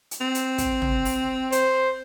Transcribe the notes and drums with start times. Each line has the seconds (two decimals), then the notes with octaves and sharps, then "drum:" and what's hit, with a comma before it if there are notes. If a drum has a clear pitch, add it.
0.11 drum: hi-hat
0.21 C4
0.35 drum: hi-hat
0.58 drum: kick, hi-hat
0.82 drum: tom
1.05 drum: open hi-hat
1.52 C5, drum: hi-hat